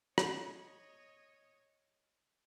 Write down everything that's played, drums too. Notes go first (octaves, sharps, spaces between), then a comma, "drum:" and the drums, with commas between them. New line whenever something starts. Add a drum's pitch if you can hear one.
C#5 D#5, drum: rim click